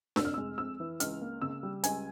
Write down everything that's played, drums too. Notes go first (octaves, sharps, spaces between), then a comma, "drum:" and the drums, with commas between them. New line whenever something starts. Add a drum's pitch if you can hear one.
F1 E6, drum: snare D4
F6
E6
G#3
F2 E6
E3
C#2 F6, drum: hi-hat
A#3
C#3 E6
G3
C#2 G#5, drum: hi-hat